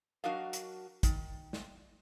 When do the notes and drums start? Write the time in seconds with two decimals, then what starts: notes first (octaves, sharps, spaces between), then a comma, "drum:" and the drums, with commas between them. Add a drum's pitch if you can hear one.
0.24 F#3 D4 F#4 A#4 D#5 F5
0.53 drum: hi-hat
1.03 D#3, drum: kick, hi-hat
1.53 drum: snare